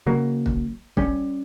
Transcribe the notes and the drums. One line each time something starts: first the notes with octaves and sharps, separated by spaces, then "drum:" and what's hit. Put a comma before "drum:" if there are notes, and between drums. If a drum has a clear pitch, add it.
C#3 F#3 A#3
drum: kick
G3 C#4, drum: kick